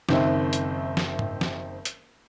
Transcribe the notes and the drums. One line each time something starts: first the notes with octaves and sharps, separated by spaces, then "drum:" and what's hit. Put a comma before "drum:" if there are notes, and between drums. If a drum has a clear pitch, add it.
F#1 D#3 C4 E5, drum: snare
drum: hi-hat
drum: snare
drum: tom G#2
drum: snare
drum: hi-hat